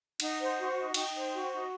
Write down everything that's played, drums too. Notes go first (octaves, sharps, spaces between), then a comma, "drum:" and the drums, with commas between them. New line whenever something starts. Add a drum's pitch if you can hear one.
D#4 F#5, drum: cymbal
C5
F#4
D#4
D#4 G5, drum: cymbal
C5
F#4
D#4